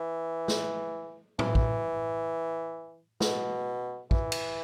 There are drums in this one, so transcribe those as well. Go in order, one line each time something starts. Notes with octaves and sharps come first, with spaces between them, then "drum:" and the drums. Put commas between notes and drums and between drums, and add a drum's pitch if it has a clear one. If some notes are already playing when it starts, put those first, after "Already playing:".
Already playing: E3
drum: snare
E3, drum: tom A2
drum: kick
B2, drum: snare
E3, drum: kick
drum: cymbal